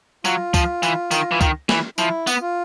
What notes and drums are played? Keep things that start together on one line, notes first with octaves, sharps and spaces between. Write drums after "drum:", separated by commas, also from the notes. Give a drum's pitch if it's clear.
F#3 F4, drum: tambourine
F3, drum: kick, tambourine
E3, drum: tambourine
D#3, drum: tambourine
E3
D#3, drum: kick, tambourine
E3, drum: snare
F3 E4, drum: tambourine
B3, drum: tambourine
F4